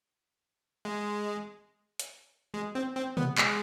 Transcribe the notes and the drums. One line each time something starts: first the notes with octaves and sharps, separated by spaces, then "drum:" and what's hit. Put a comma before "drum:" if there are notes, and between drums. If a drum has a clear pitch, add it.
G#3
drum: hi-hat
G#3
C4
C4
B3, drum: tom B2
G#3, drum: clap